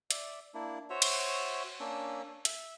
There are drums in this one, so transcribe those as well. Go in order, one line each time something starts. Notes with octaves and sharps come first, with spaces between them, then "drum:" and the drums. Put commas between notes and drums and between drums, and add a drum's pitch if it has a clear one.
D5 E5, drum: hi-hat
A#3 D4 E4
F#4 C5 C#5 E5
drum: cymbal
A#3 C#4 D4 E6
E5, drum: hi-hat